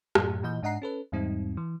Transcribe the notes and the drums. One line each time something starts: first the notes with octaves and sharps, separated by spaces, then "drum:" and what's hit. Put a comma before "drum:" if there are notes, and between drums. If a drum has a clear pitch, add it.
F#2 A2, drum: rim click
A#2 E3 D#5 G6
G#2 D4 D#5 F#5 A#5 C7
C#4 A4 B4
E2 G#2 G3 C4 D#4
E3